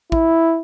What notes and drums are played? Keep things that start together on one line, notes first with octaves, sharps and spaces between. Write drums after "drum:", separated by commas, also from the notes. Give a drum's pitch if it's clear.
E4, drum: kick